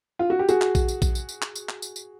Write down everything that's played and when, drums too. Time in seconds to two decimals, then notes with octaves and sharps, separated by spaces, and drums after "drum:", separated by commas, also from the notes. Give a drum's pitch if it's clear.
0.19 F4
0.30 F#4
0.39 G4
0.48 F#4 G#4, drum: tambourine
0.62 drum: clap
0.75 drum: kick A#1, tambourine
0.88 drum: tambourine
1.02 drum: kick A#1, tambourine
1.15 drum: tambourine
1.29 drum: tambourine
1.42 drum: clap
1.56 drum: tambourine
1.69 drum: clap
1.82 drum: tambourine
1.96 drum: tambourine